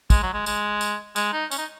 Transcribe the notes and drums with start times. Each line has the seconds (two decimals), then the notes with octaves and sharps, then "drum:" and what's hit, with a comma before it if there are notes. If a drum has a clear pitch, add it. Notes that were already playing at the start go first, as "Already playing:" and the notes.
0.10 G#3, drum: kick, tambourine
0.23 F#3
0.34 G#3
0.46 G#3, drum: tambourine
0.81 drum: tambourine
1.16 G#3, drum: tambourine
1.33 D#4
1.51 C#4, drum: tambourine
1.58 D#4